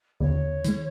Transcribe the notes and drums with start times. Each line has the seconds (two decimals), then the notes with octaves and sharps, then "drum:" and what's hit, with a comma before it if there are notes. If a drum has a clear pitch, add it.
0.20 D#2 C#5, drum: tom D3
0.64 D#3 G#3, drum: hi-hat